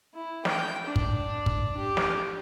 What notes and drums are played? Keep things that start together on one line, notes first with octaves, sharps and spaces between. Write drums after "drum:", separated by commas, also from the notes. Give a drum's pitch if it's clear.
E4
G5, drum: snare
D4
drum: kick
drum: kick
G4
drum: snare